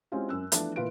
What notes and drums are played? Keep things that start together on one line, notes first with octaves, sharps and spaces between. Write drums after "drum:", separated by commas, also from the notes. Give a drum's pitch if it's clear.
G#3 C4 C#4 E4 F4 G4
F#2 E6 F#6
E3 F3 A3 B3 D4 E4, drum: hi-hat
A#2 E3 F4 B4 F#6 D7